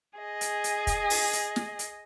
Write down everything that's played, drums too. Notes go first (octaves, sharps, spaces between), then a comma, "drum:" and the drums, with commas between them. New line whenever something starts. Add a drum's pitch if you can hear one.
G#4 D#5
drum: hi-hat
drum: hi-hat
drum: kick, hi-hat
drum: open hi-hat
drum: hi-hat
drum: snare
drum: hi-hat